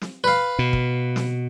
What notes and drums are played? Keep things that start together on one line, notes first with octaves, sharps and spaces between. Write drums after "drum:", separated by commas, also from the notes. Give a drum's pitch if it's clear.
drum: snare
B4 F5
B2
drum: kick
drum: snare